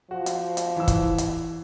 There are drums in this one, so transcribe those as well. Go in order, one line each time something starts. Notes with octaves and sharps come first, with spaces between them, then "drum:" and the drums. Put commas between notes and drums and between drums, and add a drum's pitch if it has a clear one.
F3 F#4
drum: hi-hat
drum: hi-hat
E3 E6
drum: kick, hi-hat
drum: hi-hat